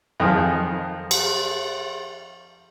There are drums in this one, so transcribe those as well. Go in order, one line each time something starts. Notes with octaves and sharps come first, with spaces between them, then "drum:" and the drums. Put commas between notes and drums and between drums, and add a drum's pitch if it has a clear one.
F2 D#3 F3 G#4
drum: cymbal